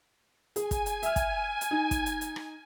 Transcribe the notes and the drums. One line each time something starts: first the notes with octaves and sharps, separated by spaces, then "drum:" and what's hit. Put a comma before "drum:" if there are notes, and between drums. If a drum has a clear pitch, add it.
G#4 G#5, drum: hi-hat
drum: kick, hi-hat
drum: hi-hat
E5 F6, drum: hi-hat
drum: kick, hi-hat
drum: hi-hat
D#4
drum: kick, hi-hat
drum: hi-hat
drum: hi-hat
drum: rim click